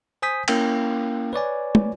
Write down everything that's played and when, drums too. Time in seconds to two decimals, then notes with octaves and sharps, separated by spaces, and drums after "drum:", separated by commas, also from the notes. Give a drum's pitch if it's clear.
0.22 C5 G#5 D#6 G6 B6
0.48 A#3 C#4 E4 A#4 F5 G5, drum: cymbal
1.33 B4 C#5 D5 G#5
1.75 drum: tom